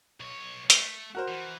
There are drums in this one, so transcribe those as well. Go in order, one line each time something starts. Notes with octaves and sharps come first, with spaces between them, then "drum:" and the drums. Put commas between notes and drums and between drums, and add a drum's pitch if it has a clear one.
B1 C#5
A3, drum: hi-hat
F#4 A#4 C5
E3